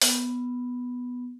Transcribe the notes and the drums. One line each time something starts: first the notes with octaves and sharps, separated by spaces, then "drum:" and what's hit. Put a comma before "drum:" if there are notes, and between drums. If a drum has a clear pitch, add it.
B3, drum: open hi-hat